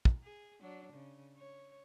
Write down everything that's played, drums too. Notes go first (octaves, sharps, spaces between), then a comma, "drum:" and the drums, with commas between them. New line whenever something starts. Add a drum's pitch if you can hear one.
drum: kick
G#4
F#3 D4
C#3
C#5